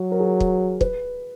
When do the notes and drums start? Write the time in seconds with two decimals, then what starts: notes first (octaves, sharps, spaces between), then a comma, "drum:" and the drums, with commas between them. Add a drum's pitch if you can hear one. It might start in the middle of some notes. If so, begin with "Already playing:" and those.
Already playing: F#3 F#4
0.12 A#4
0.20 G#4
0.40 drum: kick
0.81 B4, drum: kick